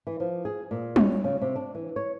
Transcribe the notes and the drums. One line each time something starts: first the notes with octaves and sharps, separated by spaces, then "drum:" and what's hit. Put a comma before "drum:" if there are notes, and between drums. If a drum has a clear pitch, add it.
E3
F3
G#4
A#2
C#4, drum: tom G3
C#3
C3
D4
E3
C#5